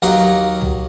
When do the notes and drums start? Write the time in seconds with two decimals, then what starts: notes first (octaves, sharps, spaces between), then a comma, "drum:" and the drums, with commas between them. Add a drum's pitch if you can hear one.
0.02 D#2 F#3 F5 A#5, drum: hi-hat
0.61 drum: tom